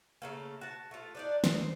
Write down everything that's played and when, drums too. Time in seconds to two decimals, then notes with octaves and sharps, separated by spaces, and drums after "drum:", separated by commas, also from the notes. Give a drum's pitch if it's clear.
0.22 C#3 A3 A#3
0.61 F#4 A5
0.91 A3 F4
1.15 D4 D#4 D5
1.44 C5, drum: snare